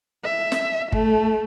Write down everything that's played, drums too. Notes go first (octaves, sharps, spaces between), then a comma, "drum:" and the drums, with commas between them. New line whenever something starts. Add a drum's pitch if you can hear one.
E5
drum: snare
A3, drum: kick